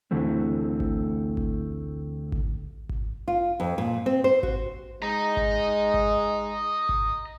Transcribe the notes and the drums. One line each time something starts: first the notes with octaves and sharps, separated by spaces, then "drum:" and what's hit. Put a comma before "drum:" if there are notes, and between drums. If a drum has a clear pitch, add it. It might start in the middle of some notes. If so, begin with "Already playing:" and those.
D2 D3 E3 A3 C4
drum: kick G#1
drum: kick G#1
drum: kick G#1
drum: kick G#1
F4
F2
A#2
C4
C5
F#4, drum: kick G#1
G#3 D#5 A#5
drum: kick G#1
drum: kick G#1
drum: kick G#1